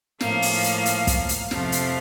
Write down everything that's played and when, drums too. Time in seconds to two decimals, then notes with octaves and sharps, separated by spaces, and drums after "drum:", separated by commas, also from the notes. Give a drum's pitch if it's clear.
0.21 A2 F3 A#3 F5, drum: snare
0.42 drum: open hi-hat
0.64 drum: hi-hat
0.86 drum: hi-hat
1.07 drum: kick, hi-hat
1.29 drum: hi-hat
1.51 F2 C3 F3 A3 F5, drum: snare
1.72 drum: hi-hat